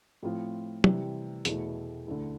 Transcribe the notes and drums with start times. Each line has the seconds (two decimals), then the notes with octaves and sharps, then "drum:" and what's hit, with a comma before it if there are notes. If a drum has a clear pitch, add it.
0.23 A2 F3 C4 F4
0.84 C3 E3 G3, drum: tom
1.45 E2 B2 A3 E4, drum: hi-hat
2.07 D2 D3 A3 E4